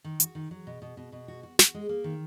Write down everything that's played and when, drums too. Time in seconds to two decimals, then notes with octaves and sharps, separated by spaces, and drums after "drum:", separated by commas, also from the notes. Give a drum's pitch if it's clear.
0.04 D#3
0.20 F#4, drum: hi-hat
0.35 D#3
0.51 F#3
0.67 B2
0.82 B2
0.97 B2
1.12 B2
1.28 F#4
1.43 F#4
1.59 F#4, drum: snare
1.74 G#3
1.89 A#3
2.04 D#3